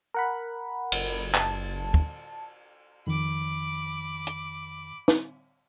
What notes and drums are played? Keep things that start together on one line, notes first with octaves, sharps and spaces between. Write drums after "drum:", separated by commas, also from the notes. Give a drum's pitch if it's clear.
A#4 F#5 B5
F#1, drum: cymbal
A5, drum: clap
drum: kick
F2 D#3 B5 D6
drum: hi-hat
drum: snare